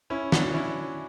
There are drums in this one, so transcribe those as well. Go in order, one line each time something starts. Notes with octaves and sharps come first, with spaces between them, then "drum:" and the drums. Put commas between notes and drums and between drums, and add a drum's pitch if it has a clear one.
C#4 E4
D4 F#4, drum: snare
C#4 E4